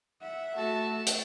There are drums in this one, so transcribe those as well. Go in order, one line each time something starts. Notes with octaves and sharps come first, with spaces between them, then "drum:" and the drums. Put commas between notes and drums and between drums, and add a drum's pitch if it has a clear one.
E5 F#5
A3 F#4 A4 A5
drum: hi-hat